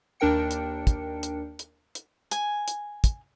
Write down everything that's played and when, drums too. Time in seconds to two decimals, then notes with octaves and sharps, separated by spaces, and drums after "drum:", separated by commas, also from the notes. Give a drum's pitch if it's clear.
0.20 D#2 D4 A#4 G5 C#7
0.51 drum: hi-hat
0.87 drum: kick, hi-hat
1.23 drum: hi-hat
1.59 drum: hi-hat
1.95 drum: hi-hat
2.31 G#5, drum: hi-hat
2.68 drum: hi-hat
3.04 drum: kick, hi-hat